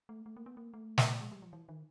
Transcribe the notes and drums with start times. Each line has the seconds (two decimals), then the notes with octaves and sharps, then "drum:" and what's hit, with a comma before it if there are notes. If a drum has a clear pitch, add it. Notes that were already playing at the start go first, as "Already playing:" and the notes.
0.09 A3
0.26 A3
0.37 A#3
0.46 B3
0.57 A#3
0.74 A3
0.98 drum: snare
1.21 G#3
1.32 G3
1.42 F3
1.53 E3
1.69 D#3